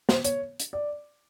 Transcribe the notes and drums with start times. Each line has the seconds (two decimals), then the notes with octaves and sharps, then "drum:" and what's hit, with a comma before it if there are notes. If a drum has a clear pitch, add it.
0.09 C5, drum: snare
0.25 C#5, drum: hi-hat
0.60 drum: hi-hat
0.73 D5